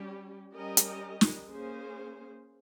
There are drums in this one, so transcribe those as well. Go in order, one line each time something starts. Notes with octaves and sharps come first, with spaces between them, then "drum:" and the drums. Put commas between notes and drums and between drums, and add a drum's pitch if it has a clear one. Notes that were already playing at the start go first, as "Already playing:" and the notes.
Already playing: G3 C#4 G4
G3 C#4 G4 A#4 D#5
drum: hi-hat
drum: snare
A#3 C#4 G#4 C5